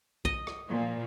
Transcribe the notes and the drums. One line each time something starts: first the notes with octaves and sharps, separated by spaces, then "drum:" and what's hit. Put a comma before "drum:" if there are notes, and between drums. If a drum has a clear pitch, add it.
D#5, drum: kick
drum: rim click
A#2 F3